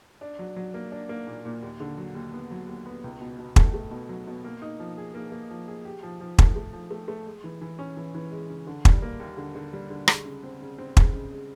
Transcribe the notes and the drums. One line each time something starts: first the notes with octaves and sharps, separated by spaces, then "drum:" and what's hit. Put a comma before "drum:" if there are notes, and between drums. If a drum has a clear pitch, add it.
D4
F#3
F#3
A#3
D4
A#3
A#2
A#2
D#2
D3
F#3
D#2
B3
F#3
D#2
B3
C#2
B2
B2
A3, drum: kick
A3
B2
F#3
B2
A#3
D#4
F3
G#4
A#3
A#3
F3
G#4
G4
F3
F3
A3, drum: kick
A3
F3
A3
A3
G#3
E3
E3
C#4
E3
E3
G#3
C#3
D3
G3, drum: kick
A#3
D#2
D3
D3
G3
D3
G#3, drum: rim click
C#3
C4
C#3
C4
G#3, drum: kick
C#3
G#3